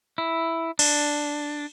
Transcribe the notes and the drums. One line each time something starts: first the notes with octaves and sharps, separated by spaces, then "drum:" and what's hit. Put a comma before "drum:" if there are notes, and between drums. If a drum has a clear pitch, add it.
E4
D4, drum: cymbal